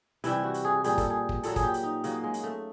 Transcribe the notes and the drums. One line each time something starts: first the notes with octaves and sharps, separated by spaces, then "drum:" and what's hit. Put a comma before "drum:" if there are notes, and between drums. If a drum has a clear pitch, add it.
C3 E3 G3 E4, drum: hi-hat
F#4
drum: hi-hat
G#4
A#2 G3 G#4, drum: hi-hat
A4, drum: kick, hi-hat
G#4
drum: kick
A#2 F#3 A4, drum: hi-hat
G#4, drum: kick, hi-hat
G4
drum: hi-hat
D#4
C#3 F#3 A#3, drum: hi-hat
G#3
drum: hi-hat
A3